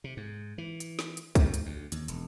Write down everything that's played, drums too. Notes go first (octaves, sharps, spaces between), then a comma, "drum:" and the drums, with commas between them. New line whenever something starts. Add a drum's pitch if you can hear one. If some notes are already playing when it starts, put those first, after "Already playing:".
C3
G#2
E3
drum: hi-hat
drum: snare
drum: hi-hat
G#2, drum: kick, hi-hat
drum: hi-hat
D2
D#2, drum: hi-hat
E1, drum: hi-hat